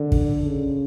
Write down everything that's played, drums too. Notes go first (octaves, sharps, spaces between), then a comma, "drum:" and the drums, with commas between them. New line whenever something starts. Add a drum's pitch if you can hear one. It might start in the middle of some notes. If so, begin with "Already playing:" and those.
Already playing: D3
drum: kick
C#3